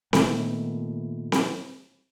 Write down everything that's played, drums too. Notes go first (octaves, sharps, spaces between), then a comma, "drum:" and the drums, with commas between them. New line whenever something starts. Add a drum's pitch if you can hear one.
A#2 D#3 A3 B3, drum: snare C4
drum: snare C4